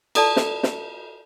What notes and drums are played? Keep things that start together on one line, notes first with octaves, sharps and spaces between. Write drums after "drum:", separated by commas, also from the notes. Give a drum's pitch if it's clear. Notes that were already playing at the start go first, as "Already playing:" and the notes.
E4 A4 D5 A5, drum: cymbal
drum: snare
drum: snare